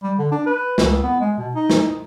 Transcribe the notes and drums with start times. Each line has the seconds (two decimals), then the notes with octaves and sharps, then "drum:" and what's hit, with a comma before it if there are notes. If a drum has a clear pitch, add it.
0.03 G3
0.18 D3
0.32 D4
0.46 B4
0.78 C#2, drum: snare
1.03 B3
1.20 G#3
1.38 B2
1.55 D#4
1.70 drum: snare